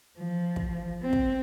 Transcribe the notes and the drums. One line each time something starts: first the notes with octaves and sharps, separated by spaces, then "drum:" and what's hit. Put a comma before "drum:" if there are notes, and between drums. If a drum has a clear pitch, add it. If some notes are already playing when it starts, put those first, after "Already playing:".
F3
drum: kick
C4
drum: kick